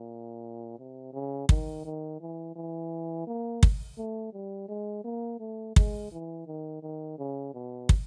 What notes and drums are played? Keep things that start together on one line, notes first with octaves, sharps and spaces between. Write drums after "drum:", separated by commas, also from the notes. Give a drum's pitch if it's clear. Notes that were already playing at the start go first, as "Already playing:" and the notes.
Already playing: A#2
C3
C#3
D#3, drum: kick
D#3
E3
E3
A#3
drum: kick
A3
G3
G#3
A#3
A3
G#3, drum: kick
E3
D#3
D#3
C#3
B2
drum: kick